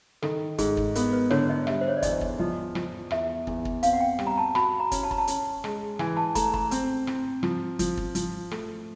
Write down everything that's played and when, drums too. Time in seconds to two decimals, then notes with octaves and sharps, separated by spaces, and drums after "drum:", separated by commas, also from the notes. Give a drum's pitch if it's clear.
0.22 D#3 A4, drum: rim click
0.58 G#2 G#4, drum: kick, hi-hat
0.77 drum: kick
0.95 B3 A#4, drum: hi-hat
1.13 B4
1.30 D3 C#5, drum: rim click
1.50 D#5
1.67 G3 E5, drum: rim click
1.81 C5
1.88 C#5
1.96 D5
2.03 E2 D#5, drum: kick, hi-hat
2.21 drum: kick
2.39 F3 D#5
2.75 F3, drum: rim click
3.11 E2 E5, drum: rim click
3.47 E2, drum: kick
3.65 drum: kick
3.83 C4 F5, drum: hi-hat
3.93 F#5
4.01 G5
4.19 G3, drum: rim click
4.27 A#5
4.38 A5
4.55 F#4 B5, drum: rim click
4.80 A#5
4.92 C#4, drum: kick, hi-hat
5.03 A5
5.11 A#5, drum: kick
5.18 A5
5.27 C#4, drum: hi-hat
5.64 G#3, drum: rim click
5.99 E3 G#5, drum: rim click
6.17 A5
6.35 A3 A#5, drum: kick, hi-hat
6.54 A#5, drum: kick
6.71 C4, drum: hi-hat
7.07 C4, drum: rim click
7.43 F3, drum: rim click
7.79 F3, drum: kick, hi-hat
7.97 drum: kick
8.15 F3, drum: hi-hat
8.51 A3, drum: rim click